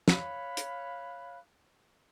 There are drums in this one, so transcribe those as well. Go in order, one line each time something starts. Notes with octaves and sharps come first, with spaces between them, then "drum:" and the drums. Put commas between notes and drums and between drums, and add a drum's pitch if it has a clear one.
C#5 F5 B5 F#6, drum: snare
drum: hi-hat